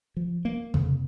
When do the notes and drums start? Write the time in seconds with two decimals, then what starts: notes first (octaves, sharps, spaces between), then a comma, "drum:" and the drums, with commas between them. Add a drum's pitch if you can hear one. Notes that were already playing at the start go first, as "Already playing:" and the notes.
0.17 F3
0.45 A#3
0.74 F2 C3, drum: tom C3